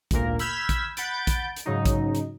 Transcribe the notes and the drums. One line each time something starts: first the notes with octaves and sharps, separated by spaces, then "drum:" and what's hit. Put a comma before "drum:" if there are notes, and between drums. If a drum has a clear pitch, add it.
G#1 D2 A#2 A#3 A#4, drum: kick A#1, hi-hat
B5 E6 F6 G6 G#6 B6, drum: hi-hat
drum: kick A#1, hi-hat
F#5 B5 G6 A6 D7, drum: hi-hat
drum: kick A#1, hi-hat
drum: hi-hat
G#2 C#3 F#3 D#4
drum: kick A#1, hi-hat
drum: hi-hat